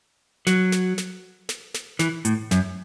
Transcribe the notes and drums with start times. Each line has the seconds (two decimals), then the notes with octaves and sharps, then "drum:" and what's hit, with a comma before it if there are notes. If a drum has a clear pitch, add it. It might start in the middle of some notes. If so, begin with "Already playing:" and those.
0.47 F#3, drum: snare
0.72 drum: snare
0.98 drum: snare
1.49 drum: snare
1.74 drum: snare
1.99 E3, drum: snare
2.25 A2, drum: hi-hat
2.51 F#2, drum: snare